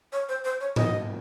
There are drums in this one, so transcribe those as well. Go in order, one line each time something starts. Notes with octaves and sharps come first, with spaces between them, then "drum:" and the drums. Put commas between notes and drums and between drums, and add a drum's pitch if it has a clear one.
C#5
C5
C5
C#5
D#5, drum: tom G#2